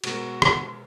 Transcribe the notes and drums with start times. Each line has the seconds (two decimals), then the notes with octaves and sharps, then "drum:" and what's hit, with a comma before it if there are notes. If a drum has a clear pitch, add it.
0.04 B2 G#3 F#4 A#4, drum: cymbal
0.42 drum: rim click